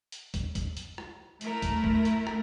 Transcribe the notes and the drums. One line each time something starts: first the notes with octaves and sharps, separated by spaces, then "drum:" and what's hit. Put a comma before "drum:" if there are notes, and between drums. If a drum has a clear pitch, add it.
drum: hi-hat
drum: kick, hi-hat
drum: kick, hi-hat
drum: hi-hat
drum: rim click
A3 E4 A#4, drum: hi-hat
drum: kick, hi-hat
drum: kick
drum: hi-hat
drum: rim click